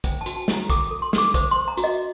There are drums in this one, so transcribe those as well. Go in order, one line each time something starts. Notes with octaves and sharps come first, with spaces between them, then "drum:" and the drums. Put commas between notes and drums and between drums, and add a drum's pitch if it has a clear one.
C5 G5, drum: kick, hi-hat
A5
F#4, drum: hi-hat
A5
C5, drum: snare
A#5
A4 D6, drum: kick, hi-hat
A4 D6
C6
A4 D6, drum: snare
C5 D6, drum: kick, hi-hat
C5 C6
A#5
F#4, drum: hi-hat
D#5